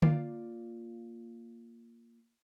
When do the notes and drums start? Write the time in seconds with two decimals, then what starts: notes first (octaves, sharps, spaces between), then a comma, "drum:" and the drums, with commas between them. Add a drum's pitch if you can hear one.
0.02 A#3 F4 D5 F5, drum: tom D3